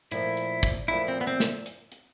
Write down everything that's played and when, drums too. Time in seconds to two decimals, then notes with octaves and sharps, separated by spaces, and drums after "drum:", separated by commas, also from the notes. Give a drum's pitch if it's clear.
0.11 A#2 F3 A3 E4, drum: hi-hat
0.37 drum: hi-hat
0.63 drum: kick, hi-hat
0.88 A#2 F3 A3 E4
1.08 C4
1.21 B3
1.27 C4
1.40 drum: snare
1.66 drum: hi-hat
1.92 drum: hi-hat